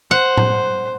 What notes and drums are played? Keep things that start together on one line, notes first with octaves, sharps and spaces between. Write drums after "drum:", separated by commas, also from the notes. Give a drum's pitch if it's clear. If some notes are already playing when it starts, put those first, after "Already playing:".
C5 F#5
drum: tom A2